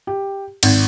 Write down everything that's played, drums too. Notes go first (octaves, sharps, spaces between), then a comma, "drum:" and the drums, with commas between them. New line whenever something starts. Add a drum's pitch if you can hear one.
G4
G#1, drum: cymbal